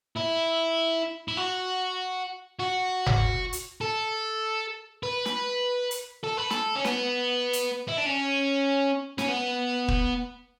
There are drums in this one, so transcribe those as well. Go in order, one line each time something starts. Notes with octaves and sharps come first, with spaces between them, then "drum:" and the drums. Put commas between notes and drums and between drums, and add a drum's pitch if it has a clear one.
E4
E4
F#4
F#4
drum: tom G1
drum: hi-hat
A4
B4
drum: snare
drum: hi-hat
A4
B4
A4, drum: snare
C#4
B3, drum: snare
drum: hi-hat
E4
D4
C#4
C#4, drum: snare
B3
drum: kick